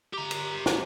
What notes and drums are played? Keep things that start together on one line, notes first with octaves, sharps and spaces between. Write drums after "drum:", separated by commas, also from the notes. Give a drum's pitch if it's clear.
G4 A#5
drum: cymbal
drum: snare